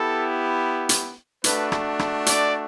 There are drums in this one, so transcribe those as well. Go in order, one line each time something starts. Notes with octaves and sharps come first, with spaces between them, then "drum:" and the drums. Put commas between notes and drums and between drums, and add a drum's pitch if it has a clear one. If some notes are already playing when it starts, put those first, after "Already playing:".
Already playing: B3 E4 G4 A4
drum: hi-hat
A3 D4 F#4 B4, drum: hi-hat
drum: rim click
drum: rim click
D5, drum: hi-hat